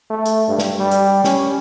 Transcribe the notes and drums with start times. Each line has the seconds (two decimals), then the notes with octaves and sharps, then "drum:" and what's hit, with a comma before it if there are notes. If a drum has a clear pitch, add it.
0.10 A3
0.25 drum: hi-hat
0.48 G2
0.58 drum: snare
0.79 G3
0.91 drum: hi-hat
1.24 C#4, drum: snare